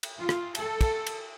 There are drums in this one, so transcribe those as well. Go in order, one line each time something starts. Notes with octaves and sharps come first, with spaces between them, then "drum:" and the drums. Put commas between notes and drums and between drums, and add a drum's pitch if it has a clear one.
drum: cymbal
F4
drum: rim click
A4, drum: cymbal
drum: kick, cymbal
drum: cymbal